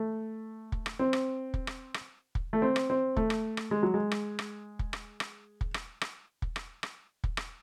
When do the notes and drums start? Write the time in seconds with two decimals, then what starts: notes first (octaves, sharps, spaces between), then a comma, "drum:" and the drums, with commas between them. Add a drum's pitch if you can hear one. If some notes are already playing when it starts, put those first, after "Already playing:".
Already playing: A3
0.72 drum: kick
0.86 drum: rim click
0.99 C4
1.13 drum: rim click
1.54 drum: kick
1.67 drum: rim click
1.94 drum: rim click
2.35 drum: kick
2.53 A3
2.62 C4
2.76 drum: rim click
2.90 C4
3.16 A3, drum: kick
3.30 drum: rim click
3.57 drum: rim click
3.71 G#3
3.83 F#3
3.94 G#3
4.11 drum: rim click
4.39 drum: rim click
4.79 drum: kick
4.93 drum: rim click
5.20 drum: rim click
5.61 drum: kick
5.74 drum: rim click
6.01 drum: rim click
6.42 drum: kick
6.56 drum: rim click
6.83 drum: rim click
7.24 drum: kick
7.37 drum: rim click